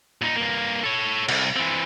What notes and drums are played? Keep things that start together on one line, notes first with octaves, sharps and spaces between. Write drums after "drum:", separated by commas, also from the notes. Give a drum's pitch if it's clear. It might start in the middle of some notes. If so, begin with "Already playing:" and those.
A#2 D#4
G2 A#3
A4 C#5
C2, drum: cymbal
E3 C4